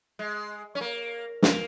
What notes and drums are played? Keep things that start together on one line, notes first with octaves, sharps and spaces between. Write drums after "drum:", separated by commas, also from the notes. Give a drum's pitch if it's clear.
G#3
C#4
A#3
A#3, drum: snare